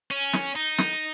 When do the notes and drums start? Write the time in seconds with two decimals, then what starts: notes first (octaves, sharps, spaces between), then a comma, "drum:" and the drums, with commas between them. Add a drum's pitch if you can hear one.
0.11 C#4
0.33 drum: snare
0.56 D#4
0.78 drum: snare